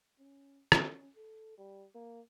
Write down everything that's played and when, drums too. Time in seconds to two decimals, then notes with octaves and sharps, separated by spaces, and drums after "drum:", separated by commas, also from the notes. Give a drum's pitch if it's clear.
0.19 C#4
0.72 C#4, drum: rim click
1.16 A4
1.58 G3
1.95 A#3